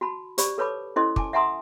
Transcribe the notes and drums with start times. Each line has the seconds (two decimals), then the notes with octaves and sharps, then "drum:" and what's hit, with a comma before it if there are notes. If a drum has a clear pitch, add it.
0.01 F#4 A5 B5
0.38 G4 C5 D5 B5, drum: hi-hat
0.58 A4 B4 C#5 A5 B5 D6
0.96 C#4 E4 A4 C5 D#5 C6
1.16 G#5 A5 D6, drum: kick
1.33 E5 F#5 G#5 A#5 C6 D#6